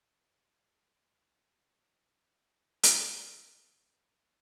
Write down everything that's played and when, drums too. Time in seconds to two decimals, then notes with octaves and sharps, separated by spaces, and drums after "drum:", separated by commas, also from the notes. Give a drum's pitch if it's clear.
0.14 F#1 F#2 C3
1.26 G#2 G#3 C#4 A5
1.70 E2 G#3 A#3 D#4
2.83 drum: hi-hat
3.27 A4 C#5
3.57 G#4 A#5
3.80 F#4 B4 F5
4.16 C4 F5